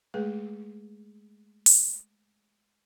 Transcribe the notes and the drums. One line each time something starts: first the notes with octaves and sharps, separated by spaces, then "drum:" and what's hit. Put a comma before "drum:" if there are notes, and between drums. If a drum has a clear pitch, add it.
G#3 A3 G#4 B4
drum: open hi-hat